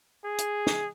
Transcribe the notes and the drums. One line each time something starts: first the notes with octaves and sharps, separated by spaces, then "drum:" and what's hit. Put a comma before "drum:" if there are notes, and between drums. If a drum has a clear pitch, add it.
G#4
drum: hi-hat
drum: snare